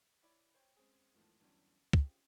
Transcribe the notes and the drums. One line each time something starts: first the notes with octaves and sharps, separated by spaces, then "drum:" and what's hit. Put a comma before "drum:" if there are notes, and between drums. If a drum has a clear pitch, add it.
E4 C#5 D5 B5
C5 C#5 G5
G#3 C4 C#4 G#4
E2 G#2 D#3 F3 A3
E2 G2 D3 F#3 C#4 D4
C4 C#4 F4 G4 G#4, drum: kick